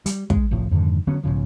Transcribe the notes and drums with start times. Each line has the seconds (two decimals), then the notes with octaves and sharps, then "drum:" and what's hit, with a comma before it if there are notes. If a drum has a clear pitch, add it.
0.06 G3, drum: hi-hat
0.30 G#3, drum: kick
0.51 C2 A2 F3
0.71 F2 G#2 D3 D#3
1.07 D3 F#3 B3 C#4
1.24 B1 G#2 C#3 F3